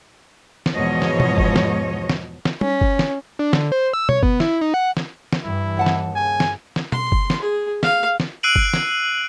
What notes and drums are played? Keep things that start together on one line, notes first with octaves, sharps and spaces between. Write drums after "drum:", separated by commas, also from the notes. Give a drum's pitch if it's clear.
drum: snare
E2 G#2 B2 F3 C#5 D#5
drum: snare
drum: tom B2
drum: kick F#1
drum: snare
drum: snare
drum: snare
C#4, drum: tom G3
drum: kick F#1
drum: snare
D4
D3, drum: snare
C5
E6
C#5, drum: tom B2
B3, drum: kick F#1
E4, drum: snare
D#4
F#5
drum: snare
drum: snare
G2 E3 E4
D#2 F#5 A5
drum: snare
C#3 G#5
drum: snare
drum: snare
C6, drum: tom B2
drum: kick F#1
drum: snare
G#4
F5, drum: snare
drum: snare
E6 F#6 C7 D7 D#7 F#7
drum: kick F#1
drum: snare